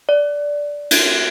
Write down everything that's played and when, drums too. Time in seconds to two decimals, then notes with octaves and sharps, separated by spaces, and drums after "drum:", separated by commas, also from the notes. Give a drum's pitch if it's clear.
0.09 D5
0.91 drum: cymbal